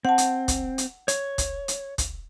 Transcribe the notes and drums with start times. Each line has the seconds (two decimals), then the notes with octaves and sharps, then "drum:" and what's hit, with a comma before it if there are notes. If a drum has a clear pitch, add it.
0.05 C4 F#5 A5
0.18 drum: hi-hat
0.48 drum: kick, hi-hat
0.78 drum: hi-hat
1.08 C#5, drum: hi-hat
1.38 drum: kick, hi-hat
1.68 drum: hi-hat
1.98 drum: kick, hi-hat